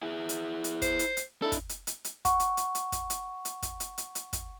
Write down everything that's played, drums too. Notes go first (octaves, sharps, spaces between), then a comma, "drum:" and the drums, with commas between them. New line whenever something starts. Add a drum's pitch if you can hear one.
E4 G#4
drum: hi-hat
drum: hi-hat
C5, drum: kick, hi-hat
drum: hi-hat
drum: hi-hat
D4 E4 A4
drum: kick, hi-hat
drum: hi-hat
drum: hi-hat
drum: hi-hat
F#5 C#6, drum: kick, hi-hat
drum: hi-hat
drum: hi-hat
drum: hi-hat
drum: kick, hi-hat
drum: hi-hat
drum: hi-hat
drum: kick, hi-hat
drum: hi-hat
drum: hi-hat
drum: hi-hat
drum: kick, hi-hat